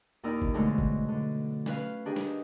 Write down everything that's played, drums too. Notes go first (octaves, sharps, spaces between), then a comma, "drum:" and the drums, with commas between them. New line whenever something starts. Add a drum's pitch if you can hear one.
D#2 A#2 D#4 E4 A#4 D5
drum: kick F#1
G#2 B2 D3 F#3 G#3 A3
drum: kick F#1
D3
C#4 B4 F5, drum: snare
D#3 D4 G4 G#4
drum: snare